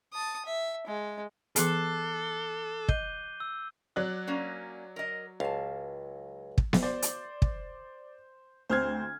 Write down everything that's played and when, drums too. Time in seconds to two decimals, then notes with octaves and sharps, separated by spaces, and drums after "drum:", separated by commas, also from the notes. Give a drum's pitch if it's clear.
0.13 A5 D#6
0.45 E5
0.87 G#3
1.56 E3 B3 G#4 A4 D6 F#6 C7, drum: hi-hat
2.89 D#5 G6 D#7 G7, drum: kick
3.40 E6
3.96 F#3 D5 F#6
4.27 A#3 C#4
4.96 A#4 D#5
5.40 C#2 F5 A5
6.58 drum: kick
6.73 drum: snare B3
6.83 C5 D5
7.02 drum: hi-hat
7.42 drum: kick
8.70 D2 C4 C5 F6 G#6